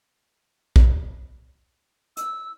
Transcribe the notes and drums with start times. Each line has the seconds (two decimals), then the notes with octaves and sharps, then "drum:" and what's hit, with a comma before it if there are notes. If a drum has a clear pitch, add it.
0.76 drum: kick
2.17 E6, drum: hi-hat